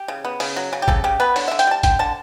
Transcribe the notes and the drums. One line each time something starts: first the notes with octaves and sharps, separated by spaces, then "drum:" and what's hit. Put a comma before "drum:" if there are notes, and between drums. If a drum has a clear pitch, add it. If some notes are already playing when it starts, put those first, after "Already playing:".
Already playing: G4
C#3
B3
C#3, drum: open hi-hat
F#3
C#3
G4
C#3 A4, drum: kick
C#3 G4
B3 B4
D3 C#5, drum: open hi-hat
D3 E5
G5, drum: hi-hat
G3 A5
D3 G5, drum: kick, hi-hat
D3 A5